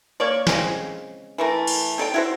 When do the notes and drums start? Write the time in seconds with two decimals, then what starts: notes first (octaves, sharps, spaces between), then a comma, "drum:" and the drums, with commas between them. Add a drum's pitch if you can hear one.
0.20 A#3 C#5 D5
0.47 C#3 G#3 C4, drum: snare
1.38 E3 A3 A#4
1.67 drum: cymbal
1.98 C4 A4 D5 G5
2.14 E4 F#4 C5